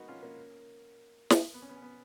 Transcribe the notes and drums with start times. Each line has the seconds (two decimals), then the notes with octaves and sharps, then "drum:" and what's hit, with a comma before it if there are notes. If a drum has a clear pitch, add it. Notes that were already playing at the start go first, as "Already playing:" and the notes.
Already playing: G#3 A#3 B3 D#4 F#4
0.08 C#4 F4
0.22 A#3 C#4
1.30 drum: snare
1.54 B3
1.62 C#4
1.69 B3
1.76 C#4
1.82 B3